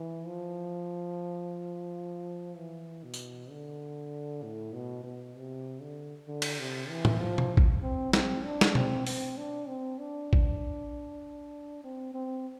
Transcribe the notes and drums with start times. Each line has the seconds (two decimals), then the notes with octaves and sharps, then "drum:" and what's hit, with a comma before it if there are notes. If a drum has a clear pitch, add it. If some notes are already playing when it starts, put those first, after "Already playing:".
Already playing: E3
0.27 F3
2.57 E3
3.04 B2
3.14 drum: tambourine
3.51 D3
4.43 A2
4.73 B2
5.04 B2
5.36 C3
5.82 D3
6.28 D3
6.42 drum: cymbal
6.59 C3
6.89 E3
7.05 drum: tom A2
7.21 F3
7.38 drum: tom B2
7.57 drum: kick
7.82 C4
8.13 C4, drum: snare
8.45 D4
8.61 drum: snare
8.75 C4, drum: tom B2
9.07 C4, drum: open hi-hat
9.37 D4
9.68 C4
9.99 D4
10.33 drum: kick
11.84 C4
12.14 C4